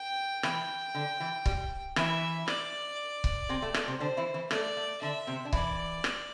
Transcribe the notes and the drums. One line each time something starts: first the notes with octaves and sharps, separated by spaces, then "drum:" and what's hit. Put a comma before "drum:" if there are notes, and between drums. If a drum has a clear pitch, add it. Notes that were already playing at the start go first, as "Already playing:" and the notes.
Already playing: G5
E3 E4 G5, drum: rim click
D3 D4
E3 E4
G3 G4, drum: kick C#1
E3 E4 E5, drum: rim click
D5, drum: rim click
drum: kick C#1
C3 C4
A3
A3, drum: rim click
C3 C4
D3 D4 C5
E3 E4
E3 E4
A3 D5, drum: rim click
A3
D3 D4 E5
C3 C4
D4
E3 E4 D5, drum: kick C#1
drum: rim click